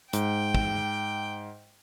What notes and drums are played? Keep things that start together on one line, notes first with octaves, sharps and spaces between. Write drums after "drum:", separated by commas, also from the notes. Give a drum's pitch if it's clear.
G#2 G5, drum: hi-hat
drum: kick